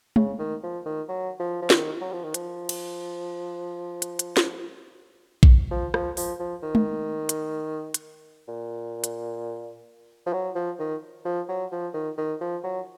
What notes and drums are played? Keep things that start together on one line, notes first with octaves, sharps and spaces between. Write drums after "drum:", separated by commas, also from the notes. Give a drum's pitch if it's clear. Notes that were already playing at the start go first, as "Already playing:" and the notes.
C#3, drum: tom G#3
D#3
F3
D#3
F#3
F3
F3
D#3, drum: snare
F#3
F3
D#3
F3, drum: hi-hat
drum: cymbal
drum: hi-hat
drum: hi-hat
drum: snare
drum: kick A#1
F3
F3, drum: rim click
F3, drum: open hi-hat
F3
D#3
drum: tom G#3
drum: hi-hat
drum: hi-hat
A#2
drum: hi-hat
F3
F#3
F3
D#3
F3
F#3
F3
D#3
D#3
F3
F#3